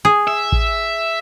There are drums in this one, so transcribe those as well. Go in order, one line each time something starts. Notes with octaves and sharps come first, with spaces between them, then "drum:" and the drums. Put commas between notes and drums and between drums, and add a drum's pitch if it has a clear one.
G#4
E5
drum: kick A1